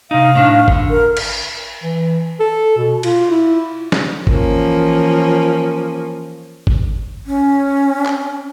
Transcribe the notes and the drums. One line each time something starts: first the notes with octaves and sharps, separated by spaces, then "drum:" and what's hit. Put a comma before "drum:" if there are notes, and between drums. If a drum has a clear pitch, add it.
C3 D#4 F5
A2 D4
D3, drum: kick G#1
A#4
drum: cymbal
E3
A4
B2
F4, drum: cymbal
E4
drum: snare
E3 F3 A#3 C#4, drum: kick G#1
drum: kick G#1
C#4
drum: clap